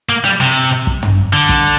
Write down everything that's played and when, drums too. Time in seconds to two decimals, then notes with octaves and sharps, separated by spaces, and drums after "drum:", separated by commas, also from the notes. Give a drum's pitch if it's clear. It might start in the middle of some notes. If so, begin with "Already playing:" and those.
0.09 A#3
0.25 G3
0.41 C3
0.87 drum: kick
1.03 drum: tom
1.33 D3
1.49 drum: kick